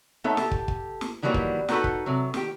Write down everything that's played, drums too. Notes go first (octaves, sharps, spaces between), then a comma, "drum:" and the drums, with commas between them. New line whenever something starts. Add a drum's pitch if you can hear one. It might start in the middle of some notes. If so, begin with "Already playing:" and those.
A3 B3 D#4 A4 C#5 E5
G4 A4, drum: snare
drum: kick
drum: kick
drum: snare
D#3 E3 F#3 G3 A#3 B3
drum: kick
B3 D#4 F#4 G4 A4 B4, drum: snare
drum: kick
C3 F#3
D#3 G4, drum: snare